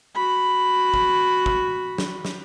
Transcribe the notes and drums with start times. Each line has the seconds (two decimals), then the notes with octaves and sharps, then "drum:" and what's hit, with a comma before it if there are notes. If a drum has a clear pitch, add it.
0.15 F#4 B5
0.94 drum: kick
1.46 drum: kick
1.98 drum: snare
2.25 drum: snare